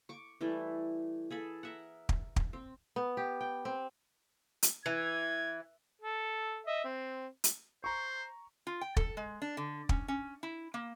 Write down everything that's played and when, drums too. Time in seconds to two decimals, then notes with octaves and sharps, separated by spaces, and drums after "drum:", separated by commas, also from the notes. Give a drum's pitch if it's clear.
0.09 C#6 D6
0.41 E3 G3 A3 E4
1.30 G#4 A4 B5
1.63 A#4 E5 F#5
2.09 drum: kick
2.36 drum: kick
2.53 C4
2.96 B3
3.17 G4
3.41 G5
3.65 C4
4.63 drum: hi-hat
4.86 E3 G#6
6.01 A4
6.67 D#5 E5
6.84 C4
7.44 drum: hi-hat
7.84 C5 A#5 C#6
8.67 F4
8.81 G5
8.97 A4, drum: kick
9.17 G#3
9.42 D4
9.57 D3
9.89 C#4, drum: kick
10.08 C#4
10.43 E4
10.74 A#3